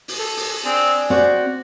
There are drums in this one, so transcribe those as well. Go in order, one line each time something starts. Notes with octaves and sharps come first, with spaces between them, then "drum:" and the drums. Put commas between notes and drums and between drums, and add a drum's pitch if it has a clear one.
drum: open hi-hat
A4
drum: open hi-hat
C4 D4 G#4
C4 F#4 D5